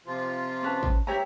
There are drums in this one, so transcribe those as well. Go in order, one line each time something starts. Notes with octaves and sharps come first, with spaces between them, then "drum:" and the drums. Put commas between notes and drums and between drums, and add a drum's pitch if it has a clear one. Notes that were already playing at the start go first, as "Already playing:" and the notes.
C3 F3 F4
C#4 B4 A5
drum: kick
G2 G4 C#5 E5 A#5